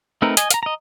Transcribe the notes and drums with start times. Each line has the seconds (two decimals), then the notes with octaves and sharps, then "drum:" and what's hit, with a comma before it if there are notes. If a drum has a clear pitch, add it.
0.22 A3 C4 D#4 A#4 B4
0.37 D#5 G#5, drum: hi-hat
0.51 F5 A#5, drum: hi-hat
0.63 D#5 A#5